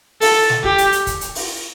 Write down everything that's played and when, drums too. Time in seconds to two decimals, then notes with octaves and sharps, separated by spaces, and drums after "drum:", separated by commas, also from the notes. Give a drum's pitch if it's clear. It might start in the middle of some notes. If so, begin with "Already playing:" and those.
0.21 A4, drum: open hi-hat
0.50 drum: snare
0.64 G4, drum: kick
0.78 drum: hi-hat
0.92 drum: hi-hat
1.07 drum: kick, hi-hat
1.21 drum: hi-hat
1.35 drum: open hi-hat